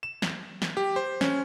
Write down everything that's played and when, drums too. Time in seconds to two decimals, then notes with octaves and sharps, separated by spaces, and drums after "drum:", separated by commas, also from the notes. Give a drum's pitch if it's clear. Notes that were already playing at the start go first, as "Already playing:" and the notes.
0.03 E7
0.22 drum: snare
0.62 drum: snare
0.77 G4
0.96 C5
1.21 C#4, drum: snare